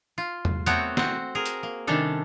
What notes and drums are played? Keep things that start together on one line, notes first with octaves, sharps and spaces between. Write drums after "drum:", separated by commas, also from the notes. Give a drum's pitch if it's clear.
F4
drum: tom E2
A3 B3 C4 F#4 C#5 G5, drum: hi-hat
C4 F#4, drum: snare
G#4 A#4
drum: hi-hat
A#3
C3 D#3 G3 C#4 D4 A4